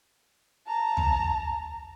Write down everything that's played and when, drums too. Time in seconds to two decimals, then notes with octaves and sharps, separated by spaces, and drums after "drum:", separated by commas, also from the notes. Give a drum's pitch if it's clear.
0.67 A5 A#5
0.97 drum: tom